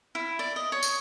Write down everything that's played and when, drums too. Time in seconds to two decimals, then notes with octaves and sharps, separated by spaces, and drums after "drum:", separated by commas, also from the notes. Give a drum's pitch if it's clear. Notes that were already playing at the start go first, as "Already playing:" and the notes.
0.15 E4
0.39 D5
0.56 D#5
0.72 C#5
0.83 drum: tambourine